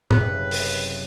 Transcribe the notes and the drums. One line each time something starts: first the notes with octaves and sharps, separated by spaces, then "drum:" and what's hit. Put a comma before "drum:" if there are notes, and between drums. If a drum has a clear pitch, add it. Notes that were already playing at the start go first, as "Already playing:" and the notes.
F#1 C2 B4, drum: tom
drum: open hi-hat